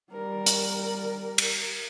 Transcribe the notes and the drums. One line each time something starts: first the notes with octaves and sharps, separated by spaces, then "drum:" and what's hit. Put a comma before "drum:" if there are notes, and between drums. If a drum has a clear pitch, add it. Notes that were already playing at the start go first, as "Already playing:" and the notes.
G3 A#4
drum: hi-hat
drum: cymbal